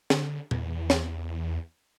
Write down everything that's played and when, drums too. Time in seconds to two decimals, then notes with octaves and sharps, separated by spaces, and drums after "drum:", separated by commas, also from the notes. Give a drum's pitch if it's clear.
0.10 D3, drum: snare
0.51 E2, drum: tom A#2
0.90 drum: snare